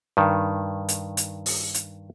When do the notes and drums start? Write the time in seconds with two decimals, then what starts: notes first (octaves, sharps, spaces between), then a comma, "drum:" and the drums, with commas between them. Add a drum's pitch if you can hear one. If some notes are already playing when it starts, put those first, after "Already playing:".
0.17 G2 D#3
0.89 drum: hi-hat
1.17 drum: hi-hat
1.46 drum: open hi-hat
1.74 drum: hi-hat